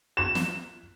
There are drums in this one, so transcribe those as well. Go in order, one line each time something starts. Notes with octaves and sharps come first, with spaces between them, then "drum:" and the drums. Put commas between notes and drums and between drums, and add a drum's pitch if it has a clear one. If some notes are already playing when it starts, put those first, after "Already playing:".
E7
drum: snare